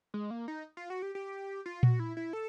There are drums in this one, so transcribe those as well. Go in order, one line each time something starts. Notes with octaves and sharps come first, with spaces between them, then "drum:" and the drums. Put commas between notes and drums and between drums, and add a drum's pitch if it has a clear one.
G#3
A#3
D#4
F4
F#4
G4
G4
F4
F#4, drum: tom A#2
E4
E4
A4